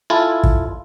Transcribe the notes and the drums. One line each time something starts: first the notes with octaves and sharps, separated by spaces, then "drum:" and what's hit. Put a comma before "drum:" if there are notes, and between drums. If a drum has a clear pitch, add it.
E4 F4 A4 G#5
drum: kick